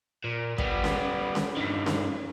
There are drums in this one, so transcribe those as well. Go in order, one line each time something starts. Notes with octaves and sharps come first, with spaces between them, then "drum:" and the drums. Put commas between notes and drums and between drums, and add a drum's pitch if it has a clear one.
A#2
G3 B3, drum: kick
drum: snare C#4
drum: snare C#4
G2 D#3
drum: snare C#4